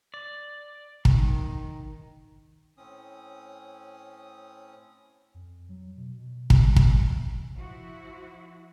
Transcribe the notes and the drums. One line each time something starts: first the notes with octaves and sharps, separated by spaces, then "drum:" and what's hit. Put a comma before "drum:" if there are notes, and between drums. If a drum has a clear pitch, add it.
D5
D#3, drum: kick
A2 C4 C#4 D#6
F2
F#3
B2
B2
C#3, drum: kick
drum: kick
F3 E4 F#4